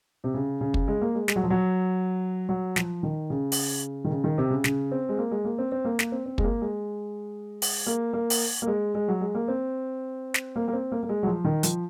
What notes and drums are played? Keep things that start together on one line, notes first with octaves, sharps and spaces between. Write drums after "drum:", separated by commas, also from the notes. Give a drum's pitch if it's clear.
C3
C#3
C#3
drum: kick
G#3
A#3
G#3
G#3, drum: snare
F#3
F3
F#3
F#3
F3, drum: snare
D#3
C#3
drum: open hi-hat
D#3
C#3
D#3
C3
C#3
C#3, drum: snare
C4
G#3
A#3
G#3
A#3
C4
C4
A#3
A#3, drum: snare
C4
C4
G#3, drum: kick
A#3
G#3
drum: open hi-hat
A#3
A#3
drum: open hi-hat
A#3
G#3
G#3
F#3
G#3
A#3
C4
drum: snare
A#3
A#3
C4
A#3
A#3
G#3
F#3
F3
D#3
F3, drum: hi-hat